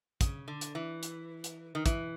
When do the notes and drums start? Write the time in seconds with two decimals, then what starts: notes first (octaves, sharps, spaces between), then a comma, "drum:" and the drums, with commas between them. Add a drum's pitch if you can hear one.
0.21 C#3, drum: kick, hi-hat
0.48 D3
0.61 drum: hi-hat
0.75 E3
1.03 drum: hi-hat
1.44 drum: hi-hat
1.75 D#3
1.86 E3, drum: kick, hi-hat